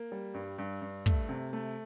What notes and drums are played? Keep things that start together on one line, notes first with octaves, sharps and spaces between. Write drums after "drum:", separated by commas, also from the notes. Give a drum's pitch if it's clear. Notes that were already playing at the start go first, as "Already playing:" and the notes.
Already playing: A#3
G3
G2
G2
G2
A3, drum: kick
C3
A3